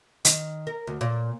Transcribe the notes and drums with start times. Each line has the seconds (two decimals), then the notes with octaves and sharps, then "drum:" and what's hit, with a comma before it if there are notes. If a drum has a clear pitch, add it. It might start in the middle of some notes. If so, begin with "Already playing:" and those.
0.25 D#3, drum: hi-hat
0.67 A#4
0.87 D2
1.01 A#2